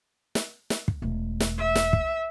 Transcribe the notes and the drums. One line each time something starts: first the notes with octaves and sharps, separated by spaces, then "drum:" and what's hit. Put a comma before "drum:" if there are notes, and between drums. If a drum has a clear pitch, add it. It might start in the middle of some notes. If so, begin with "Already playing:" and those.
drum: snare
drum: snare
drum: kick
E1 A3
drum: snare
E5
drum: snare
drum: kick